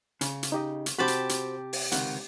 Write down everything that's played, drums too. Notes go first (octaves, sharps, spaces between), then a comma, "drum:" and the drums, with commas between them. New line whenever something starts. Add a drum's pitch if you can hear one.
C#3, drum: hi-hat
drum: hi-hat
D#4 G4 D#5
drum: hi-hat
C3 F#4 G4 C5 G5 A5 B5
drum: hi-hat
drum: hi-hat
drum: open hi-hat
C#2 C3 D#3 F#5, drum: hi-hat